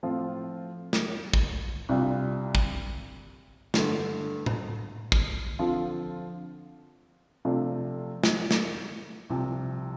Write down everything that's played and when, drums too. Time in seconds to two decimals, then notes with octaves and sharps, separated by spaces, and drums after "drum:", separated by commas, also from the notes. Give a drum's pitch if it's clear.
0.03 A2 F3 C4 F4
0.93 drum: snare
1.34 drum: kick
1.89 C2 C3 G3 D4 F4
2.55 drum: kick
3.74 G2 D3 A3, drum: snare
4.46 drum: tom A2
5.12 drum: kick
5.59 D3 F3 C4 F4
7.45 C3 F3 A3 D4 F4
8.24 drum: snare
8.51 drum: snare
9.30 C2 C3 F3